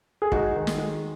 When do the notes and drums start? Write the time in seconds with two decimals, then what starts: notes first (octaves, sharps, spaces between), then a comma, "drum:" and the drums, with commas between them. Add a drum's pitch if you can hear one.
0.22 G#4
0.32 G#3 D#4 F#4, drum: kick
0.55 D#3
0.67 drum: snare
0.78 G#3